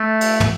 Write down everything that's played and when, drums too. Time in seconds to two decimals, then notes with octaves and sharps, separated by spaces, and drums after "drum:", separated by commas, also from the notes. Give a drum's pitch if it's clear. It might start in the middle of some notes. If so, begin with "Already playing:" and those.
Already playing: A3
0.21 drum: cymbal
0.40 drum: tom